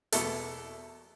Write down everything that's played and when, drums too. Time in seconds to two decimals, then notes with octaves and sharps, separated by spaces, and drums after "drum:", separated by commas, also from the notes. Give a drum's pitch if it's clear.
0.12 E2 B2 A3 E4 A4, drum: hi-hat